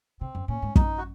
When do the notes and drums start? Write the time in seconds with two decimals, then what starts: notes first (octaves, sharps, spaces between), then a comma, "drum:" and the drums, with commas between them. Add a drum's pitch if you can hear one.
0.20 C3 C4
0.35 F#2
0.48 A#2 C#4
0.62 G#2
0.76 F#2 D#4, drum: kick
0.98 F#4